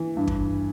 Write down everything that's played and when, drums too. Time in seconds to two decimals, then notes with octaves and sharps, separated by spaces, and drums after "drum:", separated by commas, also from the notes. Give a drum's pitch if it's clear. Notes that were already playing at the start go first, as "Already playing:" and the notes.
Already playing: E3
0.17 G2
0.28 drum: kick